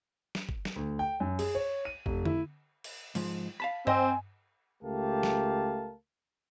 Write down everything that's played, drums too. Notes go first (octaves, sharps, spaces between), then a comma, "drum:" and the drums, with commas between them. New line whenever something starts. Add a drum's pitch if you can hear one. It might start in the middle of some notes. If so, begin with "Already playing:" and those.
drum: snare
drum: kick G1
drum: snare
D2
G5
F#2
G#4, drum: cymbal
C#5
D#7
F1, drum: kick G1
E4, drum: tom D3
drum: cymbal
G#2 F3, drum: cymbal
F5 A5 B5
C4 C5 D#5 G#5, drum: tom G2
C#2 A3 G4 A#4 F5 A5
drum: snare